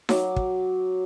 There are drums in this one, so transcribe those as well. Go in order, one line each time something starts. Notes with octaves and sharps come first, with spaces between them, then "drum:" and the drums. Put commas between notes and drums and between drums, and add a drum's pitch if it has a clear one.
F#3 D6, drum: snare D#4
drum: kick